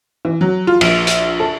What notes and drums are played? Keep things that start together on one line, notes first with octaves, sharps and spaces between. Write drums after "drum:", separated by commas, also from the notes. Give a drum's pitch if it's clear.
E3
F#3
F4
A#1, drum: cymbal
drum: hi-hat
A4